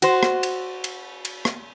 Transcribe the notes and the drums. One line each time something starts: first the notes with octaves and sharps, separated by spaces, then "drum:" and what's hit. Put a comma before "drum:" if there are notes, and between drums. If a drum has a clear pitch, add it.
F#4 C5, drum: cymbal
drum: rim click
drum: cymbal
drum: cymbal
drum: cymbal
drum: rim click